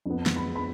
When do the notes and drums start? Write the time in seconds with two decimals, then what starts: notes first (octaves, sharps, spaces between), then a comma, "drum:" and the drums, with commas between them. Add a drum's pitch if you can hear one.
0.06 F2 F3 B3
0.26 drum: snare
0.36 B5
0.56 B5